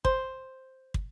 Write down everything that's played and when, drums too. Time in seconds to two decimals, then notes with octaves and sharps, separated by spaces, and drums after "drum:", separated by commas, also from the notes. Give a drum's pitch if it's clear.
0.05 C5, drum: kick
0.94 drum: kick